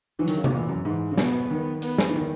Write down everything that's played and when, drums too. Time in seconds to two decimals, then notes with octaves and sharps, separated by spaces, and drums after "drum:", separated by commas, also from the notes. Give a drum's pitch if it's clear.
0.19 E3 F#3
0.28 D#3, drum: hi-hat
0.36 C#3
0.44 B2, drum: tom C3
0.52 A#2 E3
0.69 F#2
0.85 G#2 E3
1.12 C#3
1.18 B2 B3, drum: snare
1.50 D#3
1.82 B3, drum: hi-hat
1.98 drum: snare
2.09 E3
2.16 D#3